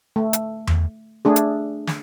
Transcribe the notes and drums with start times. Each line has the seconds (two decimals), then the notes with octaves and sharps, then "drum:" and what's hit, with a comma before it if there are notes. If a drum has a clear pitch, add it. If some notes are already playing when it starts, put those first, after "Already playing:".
0.16 A3
0.33 drum: hi-hat
0.67 drum: tom E2
1.25 A3 D4 G#4
1.36 drum: hi-hat
1.87 drum: snare